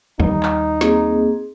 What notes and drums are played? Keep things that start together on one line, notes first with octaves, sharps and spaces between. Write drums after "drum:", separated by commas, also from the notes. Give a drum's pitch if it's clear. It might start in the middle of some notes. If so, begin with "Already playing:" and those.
D#2 G3 D#4, drum: tom D3
drum: clap
A#3 C4 G#4, drum: snare